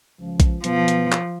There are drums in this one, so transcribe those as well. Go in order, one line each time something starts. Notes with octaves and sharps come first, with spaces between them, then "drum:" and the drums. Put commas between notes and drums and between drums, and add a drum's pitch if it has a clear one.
C#2 F3
drum: kick A#1, hi-hat
B2 F3 B3, drum: hi-hat
drum: hi-hat
drum: clap